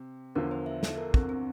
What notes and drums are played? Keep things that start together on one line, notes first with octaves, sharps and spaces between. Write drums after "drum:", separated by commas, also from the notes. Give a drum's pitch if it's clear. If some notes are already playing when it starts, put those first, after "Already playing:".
Already playing: C3
E2 D3 F3 A#4
C5
E5
A4, drum: snare
A#4
C4, drum: kick
C4